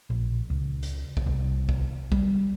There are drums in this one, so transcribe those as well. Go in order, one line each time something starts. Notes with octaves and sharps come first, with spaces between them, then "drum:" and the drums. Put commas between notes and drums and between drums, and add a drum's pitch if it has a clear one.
A#1
C#2
drum: hi-hat
drum: kick
C2
drum: kick
G3, drum: kick